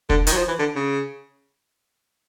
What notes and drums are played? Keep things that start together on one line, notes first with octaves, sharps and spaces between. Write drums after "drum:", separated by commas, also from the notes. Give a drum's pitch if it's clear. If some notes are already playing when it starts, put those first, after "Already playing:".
D3, drum: kick
D#3, drum: hi-hat
F#3
F3
E3
D3
C#3